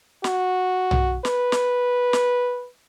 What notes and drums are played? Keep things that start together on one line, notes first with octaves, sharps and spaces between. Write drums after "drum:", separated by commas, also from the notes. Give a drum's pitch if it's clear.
F#4, drum: snare
drum: tom
B4, drum: snare
drum: snare
drum: snare